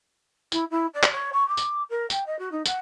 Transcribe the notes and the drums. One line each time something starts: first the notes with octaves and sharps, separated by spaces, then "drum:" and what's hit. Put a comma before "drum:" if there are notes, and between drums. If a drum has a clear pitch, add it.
E4, drum: tambourine
E4
D5
drum: clap
C#5
C#6
D6
drum: tambourine
A#4
G5, drum: tambourine
D#5
F#4
D#4
F#5, drum: tambourine